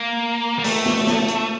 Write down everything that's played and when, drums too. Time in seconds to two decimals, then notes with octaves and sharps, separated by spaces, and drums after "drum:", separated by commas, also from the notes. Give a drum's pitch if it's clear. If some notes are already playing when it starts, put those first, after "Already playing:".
Already playing: A#3
0.59 A#3
0.64 A3, drum: open hi-hat
0.86 drum: snare
1.07 drum: snare
1.28 drum: hi-hat